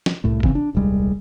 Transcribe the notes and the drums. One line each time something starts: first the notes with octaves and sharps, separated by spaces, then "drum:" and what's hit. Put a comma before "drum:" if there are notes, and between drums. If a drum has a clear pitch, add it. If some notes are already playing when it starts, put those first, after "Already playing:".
drum: snare
C2 A2 A3
C#3 E3 C4, drum: kick
D4
D#1 C2 G3 G#3